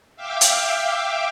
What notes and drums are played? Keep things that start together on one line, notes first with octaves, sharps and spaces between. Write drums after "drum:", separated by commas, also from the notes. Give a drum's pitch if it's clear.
E5 F5 G5 D6
drum: hi-hat